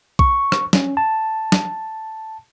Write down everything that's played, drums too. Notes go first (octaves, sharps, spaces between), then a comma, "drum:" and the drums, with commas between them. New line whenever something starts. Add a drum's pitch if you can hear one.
C#6, drum: kick B1
drum: rim click
C#4, drum: snare
A5
drum: snare